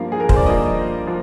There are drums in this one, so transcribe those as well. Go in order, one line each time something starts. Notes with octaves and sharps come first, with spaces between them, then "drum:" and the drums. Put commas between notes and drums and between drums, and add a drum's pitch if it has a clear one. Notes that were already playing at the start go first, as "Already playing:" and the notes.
Already playing: G2 F3 A#3 F5
G#4
A#4
C5, drum: kick
D5
G2 F3 A#3 D#5
F3 A#3